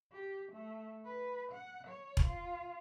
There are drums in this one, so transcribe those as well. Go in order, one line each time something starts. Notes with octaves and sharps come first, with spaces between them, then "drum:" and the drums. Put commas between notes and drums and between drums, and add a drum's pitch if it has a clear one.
G4
A3
B4
F#5
C#5
drum: kick E1
F4